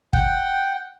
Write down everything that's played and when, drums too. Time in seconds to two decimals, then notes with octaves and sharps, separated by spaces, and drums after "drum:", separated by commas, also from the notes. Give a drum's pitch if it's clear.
0.13 F#5 G5, drum: kick